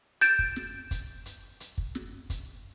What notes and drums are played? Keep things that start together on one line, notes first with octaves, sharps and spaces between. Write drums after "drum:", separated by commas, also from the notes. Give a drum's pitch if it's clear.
G6 A6 D7 E7, drum: hi-hat
drum: kick
drum: snare
drum: kick, hi-hat
drum: hi-hat
drum: hi-hat
drum: kick
drum: snare
drum: kick, hi-hat